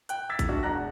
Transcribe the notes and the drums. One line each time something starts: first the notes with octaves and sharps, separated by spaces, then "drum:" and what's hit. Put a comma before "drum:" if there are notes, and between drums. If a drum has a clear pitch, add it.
G5 F#6, drum: hi-hat
E6 G#6 A6 B6
drum: kick A1, hi-hat
C2 D4 F#4
E1 D4 F#5 A#5 F#6 A#6